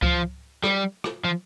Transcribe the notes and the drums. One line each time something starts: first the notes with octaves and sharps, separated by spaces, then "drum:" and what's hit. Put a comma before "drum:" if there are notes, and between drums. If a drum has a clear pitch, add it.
F3, drum: kick C#2
G3, drum: rim click
drum: rim click
F3